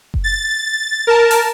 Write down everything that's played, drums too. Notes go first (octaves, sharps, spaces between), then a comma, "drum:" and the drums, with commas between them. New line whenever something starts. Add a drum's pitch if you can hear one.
drum: kick F#1
A6
A#4 A5
drum: open hi-hat